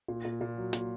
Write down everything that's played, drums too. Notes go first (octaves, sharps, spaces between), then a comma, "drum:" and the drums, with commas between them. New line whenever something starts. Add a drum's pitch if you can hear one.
A#2
A#2
A#2
F#3
A#2, drum: hi-hat